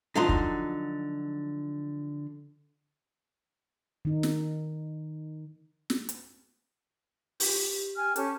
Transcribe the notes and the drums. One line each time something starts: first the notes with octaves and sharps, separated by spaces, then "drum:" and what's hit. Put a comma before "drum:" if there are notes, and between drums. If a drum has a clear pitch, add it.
D3 F3 F#3 D#4 C6
drum: kick
D#3 D#4
drum: snare
drum: snare
drum: hi-hat
G4, drum: open hi-hat
G5 G#5 F6
C#4 G4 A4 A5, drum: hi-hat